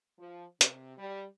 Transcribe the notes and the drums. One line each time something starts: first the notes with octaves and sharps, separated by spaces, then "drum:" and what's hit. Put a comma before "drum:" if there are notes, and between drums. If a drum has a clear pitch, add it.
F3
C3, drum: hi-hat
G3